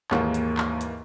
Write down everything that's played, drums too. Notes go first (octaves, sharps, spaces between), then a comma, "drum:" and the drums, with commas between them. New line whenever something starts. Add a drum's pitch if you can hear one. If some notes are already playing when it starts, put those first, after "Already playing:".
D#2 G#2 E3 A#3, drum: clap
drum: hi-hat
drum: clap
drum: hi-hat